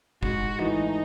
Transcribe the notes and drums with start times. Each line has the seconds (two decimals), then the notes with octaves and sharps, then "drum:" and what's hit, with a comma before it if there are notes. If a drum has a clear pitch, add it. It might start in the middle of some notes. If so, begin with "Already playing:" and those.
0.23 G#2 F#4, drum: kick F#1
0.59 E3 A3 D#4